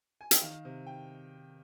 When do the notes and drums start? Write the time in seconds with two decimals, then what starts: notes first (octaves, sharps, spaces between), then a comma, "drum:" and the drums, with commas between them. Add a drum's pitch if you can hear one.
0.21 G#5
0.31 G5, drum: hi-hat
0.42 D#3 F5
0.65 C3
0.86 G5